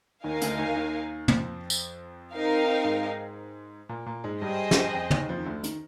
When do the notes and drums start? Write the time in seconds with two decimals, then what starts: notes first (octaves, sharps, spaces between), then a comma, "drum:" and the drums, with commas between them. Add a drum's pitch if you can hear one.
0.24 D#2 D#3 D#4 A#4 F5 G#5
0.41 D2 D3, drum: hi-hat
0.59 D#2 D#3
0.76 D#2 D#3
1.28 F2 F3, drum: tom
1.70 drum: tambourine
2.33 C4 D#4 A#4 F5
2.84 G#2 G#3
3.89 A#2 A#3
4.06 A#2 A#3
4.24 G#2 G#3
4.41 G2 G3 G#4 C5 D#5 G5
4.71 drum: snare
4.94 F2 F3
5.11 D#2 D#3, drum: tom
5.29 F2 F3
5.38 D#3
5.45 D2 D3
5.63 D#3, drum: hi-hat